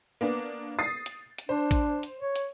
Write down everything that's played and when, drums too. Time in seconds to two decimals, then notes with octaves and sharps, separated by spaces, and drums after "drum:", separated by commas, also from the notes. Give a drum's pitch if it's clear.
0.21 A#3 B3 D4
0.79 D#6 A6 C7
1.06 drum: hi-hat
1.38 drum: hi-hat
1.49 D4 C5
1.71 drum: kick, hi-hat
2.03 drum: hi-hat
2.19 C#5
2.36 drum: hi-hat